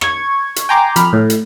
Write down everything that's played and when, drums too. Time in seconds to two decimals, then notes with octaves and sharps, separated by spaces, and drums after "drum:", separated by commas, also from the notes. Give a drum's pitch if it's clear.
0.01 C#6 G#6, drum: rim click
0.56 drum: hi-hat
0.69 G5 G#5 A#5 C6 D6
0.96 F2 B5 F6, drum: hi-hat
1.13 A2
1.30 drum: hi-hat